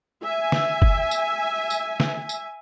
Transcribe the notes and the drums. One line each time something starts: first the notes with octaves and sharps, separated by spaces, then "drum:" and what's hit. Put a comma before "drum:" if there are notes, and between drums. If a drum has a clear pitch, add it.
E5 G#5
drum: snare
drum: kick
drum: tambourine
drum: tambourine
drum: snare
drum: tambourine